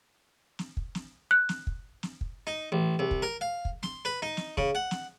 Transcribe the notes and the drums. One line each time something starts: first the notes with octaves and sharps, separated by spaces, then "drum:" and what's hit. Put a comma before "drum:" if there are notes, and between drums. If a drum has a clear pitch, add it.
drum: snare
drum: kick
drum: snare
F#6
drum: snare
drum: kick
drum: snare
drum: kick
D#4
A1
C2
drum: kick
A#4
F5
drum: kick
C6, drum: snare
B4
D#4
drum: snare
C#3, drum: kick
F#5
drum: snare